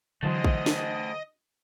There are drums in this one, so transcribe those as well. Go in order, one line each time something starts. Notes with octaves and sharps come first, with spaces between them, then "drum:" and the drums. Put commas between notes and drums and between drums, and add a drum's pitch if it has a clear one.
D3 E3 F#3 A3 C5 D#5
drum: kick
drum: snare